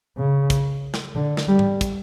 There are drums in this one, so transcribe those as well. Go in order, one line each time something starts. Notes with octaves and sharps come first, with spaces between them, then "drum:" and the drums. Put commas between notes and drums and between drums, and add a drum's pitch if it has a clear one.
C#3
drum: kick, hi-hat
drum: snare
D3
drum: snare
G3
drum: tom G#2
drum: kick, hi-hat